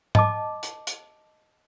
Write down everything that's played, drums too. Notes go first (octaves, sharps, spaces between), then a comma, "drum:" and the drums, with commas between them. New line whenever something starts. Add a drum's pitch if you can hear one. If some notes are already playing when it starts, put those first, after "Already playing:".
D#5 A5 D6, drum: tom G#2
drum: hi-hat
drum: hi-hat